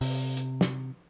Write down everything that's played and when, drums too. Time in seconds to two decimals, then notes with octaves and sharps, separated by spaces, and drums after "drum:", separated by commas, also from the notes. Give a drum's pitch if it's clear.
0.01 C3, drum: open hi-hat
0.37 drum: hi-hat
0.61 drum: snare